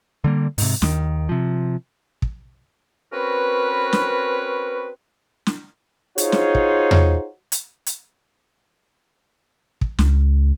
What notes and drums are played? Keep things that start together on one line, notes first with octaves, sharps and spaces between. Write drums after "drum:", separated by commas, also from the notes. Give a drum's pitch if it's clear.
D3 G3 A#3
G#2 C3, drum: open hi-hat
D#2 D#3, drum: snare
C3 F3
drum: kick
C4 C#4 F#4 A#4 B4
drum: snare
drum: snare
D#4 F4 F#4 G#4 C5 C#5, drum: hi-hat
drum: snare
drum: kick
drum: tom E2
drum: hi-hat
drum: hi-hat
drum: kick
C#2, drum: snare